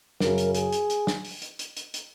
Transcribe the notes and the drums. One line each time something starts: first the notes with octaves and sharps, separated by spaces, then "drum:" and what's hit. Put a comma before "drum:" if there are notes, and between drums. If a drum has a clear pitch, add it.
F#2 C#3 A#4, drum: snare
drum: hi-hat
G#4, drum: hi-hat
drum: hi-hat
drum: hi-hat
drum: snare
drum: open hi-hat
drum: hi-hat
drum: hi-hat
drum: hi-hat
drum: hi-hat